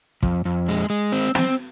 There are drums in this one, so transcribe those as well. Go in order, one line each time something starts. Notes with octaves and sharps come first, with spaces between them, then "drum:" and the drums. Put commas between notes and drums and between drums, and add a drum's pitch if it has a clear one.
F2, drum: kick
F2
G#3
G#3
C4
C4, drum: snare